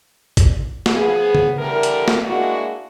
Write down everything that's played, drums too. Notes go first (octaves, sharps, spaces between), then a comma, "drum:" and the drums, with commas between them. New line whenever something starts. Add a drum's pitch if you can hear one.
drum: kick G#1, hi-hat
drum: snare
F3 B3 G#4
drum: tom C#3
D3 E3 G3 A3 A#4
drum: hi-hat
drum: snare
G#3 A#3 D4 E4 F#4